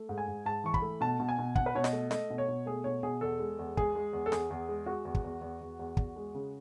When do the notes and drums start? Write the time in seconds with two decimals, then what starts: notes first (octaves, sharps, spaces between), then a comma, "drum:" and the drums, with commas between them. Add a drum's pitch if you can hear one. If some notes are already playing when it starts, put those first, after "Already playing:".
Already playing: A3
0.09 G#2
0.18 G#5
0.28 G#2
0.45 G#2 A5
0.64 E3 C#6
0.74 B5, drum: kick
0.82 A3
1.01 B2 A5
1.20 B2
1.29 G#5
1.38 B2
1.56 B2 F#5, drum: kick
1.66 B4
1.75 B2 C#5
1.84 D#5, drum: snare
1.93 A3
2.11 A3 D#5, drum: snare
2.30 B2
2.38 C#5
2.48 B2
2.66 A3 G#4
2.84 B2 C#5
3.03 B2 G#4
3.21 E2 A4
3.40 G#3
3.59 E2
3.77 G#3 G#4, drum: kick
3.95 G#3
4.13 E2
4.26 A4
4.32 E2 G#4, drum: snare
4.50 E2
4.68 G#3
4.86 G#3 F#4
5.05 E2
5.15 drum: kick
5.24 E2
5.42 E2
5.61 E2
5.79 E2
5.97 E2, drum: kick
6.16 G#3
6.34 C#3